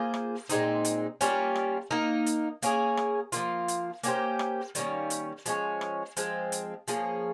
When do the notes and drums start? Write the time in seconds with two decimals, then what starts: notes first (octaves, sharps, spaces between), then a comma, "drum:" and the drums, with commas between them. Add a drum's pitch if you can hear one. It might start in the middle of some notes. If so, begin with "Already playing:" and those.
Already playing: A#3 F4 G#4 C5
0.14 drum: rim click
0.49 A#2 G#3 C4 D#4, drum: hi-hat
0.85 drum: hi-hat
1.21 G3 A#3 C#4 F4, drum: hi-hat
1.55 drum: rim click
1.91 A#3 D#4 A#4
2.26 drum: hi-hat
2.62 A#3 C#4 G#4, drum: hi-hat
2.97 drum: rim click
3.32 F3 A#3 F4, drum: hi-hat
3.68 drum: hi-hat
4.03 A#3 C#4 G4 C5, drum: hi-hat
4.39 drum: rim click
4.75 D#3 G3 A#3 C#4, drum: hi-hat
5.10 drum: hi-hat
5.46 F3 G#3 C#4, drum: hi-hat
5.81 drum: rim click
6.17 F3 G#3 C4, drum: hi-hat
6.52 drum: hi-hat
6.88 F3 A#3 C#4 G#4, drum: hi-hat